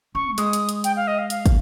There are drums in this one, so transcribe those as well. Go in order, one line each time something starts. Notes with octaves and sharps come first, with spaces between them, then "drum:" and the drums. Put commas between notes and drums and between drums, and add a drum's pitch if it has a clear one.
C#4 C#6
G3
G#3 D#6, drum: hi-hat
drum: hi-hat
drum: hi-hat
G5, drum: hi-hat
F5
D#5
F5
F5, drum: hi-hat
drum: kick, hi-hat